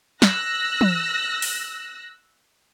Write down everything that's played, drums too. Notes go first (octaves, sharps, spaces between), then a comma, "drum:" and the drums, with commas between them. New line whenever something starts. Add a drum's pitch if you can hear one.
E6 F#6 A#6, drum: snare
drum: tom
drum: open hi-hat